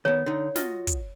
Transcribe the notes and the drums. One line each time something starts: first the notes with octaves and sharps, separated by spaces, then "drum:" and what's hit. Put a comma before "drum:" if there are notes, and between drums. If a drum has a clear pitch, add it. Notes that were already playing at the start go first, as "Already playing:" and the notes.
D#3 B3 C#5
D3 D#4
F4 F#4 D#5, drum: snare
drum: kick, hi-hat